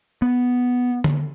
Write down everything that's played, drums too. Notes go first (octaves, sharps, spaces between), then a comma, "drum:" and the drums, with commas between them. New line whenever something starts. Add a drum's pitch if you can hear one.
B3
drum: tom D3